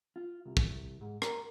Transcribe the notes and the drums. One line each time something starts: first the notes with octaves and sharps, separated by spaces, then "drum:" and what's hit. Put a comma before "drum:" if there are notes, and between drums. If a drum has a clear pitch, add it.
F4
C2
drum: kick
G#2
A#4, drum: rim click